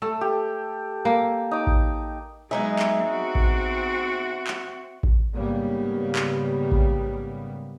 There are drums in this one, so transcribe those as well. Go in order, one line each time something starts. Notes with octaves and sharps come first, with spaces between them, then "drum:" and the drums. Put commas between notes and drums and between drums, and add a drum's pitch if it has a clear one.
A3 A4
G4
A#3
D#4 D6
drum: kick A1
F#3 G#3 B3 D#4 G#4 E5
drum: clap
C4 F#4
drum: kick A1
drum: clap
drum: kick A1
G#2 C#3 G3 A#3 B3
drum: clap
drum: kick A1